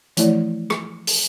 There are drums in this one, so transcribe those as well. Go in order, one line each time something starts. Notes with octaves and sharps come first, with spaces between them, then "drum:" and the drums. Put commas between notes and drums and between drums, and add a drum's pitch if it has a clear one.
E3 F3 A3 E4 C#5 D5, drum: hi-hat
drum: rim click
drum: open hi-hat